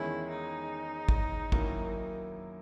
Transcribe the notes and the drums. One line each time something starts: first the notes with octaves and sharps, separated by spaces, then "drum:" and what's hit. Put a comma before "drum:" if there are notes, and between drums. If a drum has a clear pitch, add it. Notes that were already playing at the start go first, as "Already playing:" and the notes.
Already playing: E2 D#3 G#3 C#4 E4
D#4
drum: kick
F#2 D#3 F#3 A#3 E4, drum: kick